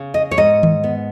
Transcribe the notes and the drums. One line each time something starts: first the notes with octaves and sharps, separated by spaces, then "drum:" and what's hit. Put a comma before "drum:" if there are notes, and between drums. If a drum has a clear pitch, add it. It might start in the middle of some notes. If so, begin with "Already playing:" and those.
Already playing: C#3
D#5
C#5
G#2 D#5
drum: tom D#3
B3